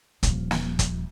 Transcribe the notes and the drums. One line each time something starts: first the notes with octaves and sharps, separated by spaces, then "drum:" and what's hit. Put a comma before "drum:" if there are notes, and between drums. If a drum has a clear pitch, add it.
D#1 F3, drum: hi-hat
drum: snare
drum: kick, hi-hat